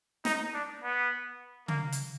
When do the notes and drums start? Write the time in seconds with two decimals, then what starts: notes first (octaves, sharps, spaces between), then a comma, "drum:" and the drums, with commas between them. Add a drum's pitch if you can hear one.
0.25 D#4, drum: snare
0.54 D4
0.83 B3
1.68 A#3, drum: tom C#3
1.92 drum: hi-hat